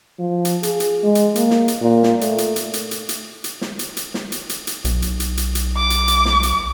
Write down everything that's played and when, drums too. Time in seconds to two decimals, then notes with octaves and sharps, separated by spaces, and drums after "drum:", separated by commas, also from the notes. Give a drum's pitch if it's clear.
0.19 F3
0.45 drum: hi-hat
0.63 G#4, drum: hi-hat
0.80 drum: hi-hat
1.03 G#3
1.15 drum: hi-hat
1.35 A#3, drum: hi-hat
1.50 drum: snare
1.68 drum: hi-hat
1.82 A#2
2.03 drum: snare
2.21 A3, drum: hi-hat
2.38 drum: hi-hat
2.56 drum: hi-hat
2.73 drum: hi-hat
2.91 drum: hi-hat
3.09 drum: hi-hat
3.44 drum: hi-hat
3.61 drum: snare
3.79 drum: hi-hat
3.97 drum: hi-hat
4.14 drum: snare
4.32 drum: hi-hat
4.49 drum: hi-hat
4.67 drum: hi-hat
4.85 B1, drum: hi-hat
5.02 drum: hi-hat
5.20 drum: hi-hat
5.37 drum: hi-hat
5.55 drum: hi-hat
5.77 D6
5.90 drum: hi-hat
6.08 drum: hi-hat
6.25 drum: snare
6.43 drum: hi-hat